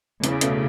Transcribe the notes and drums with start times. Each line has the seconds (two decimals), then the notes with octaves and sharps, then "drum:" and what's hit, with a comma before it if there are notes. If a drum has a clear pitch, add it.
0.24 E2 C#3, drum: hi-hat
0.41 B2 A3, drum: hi-hat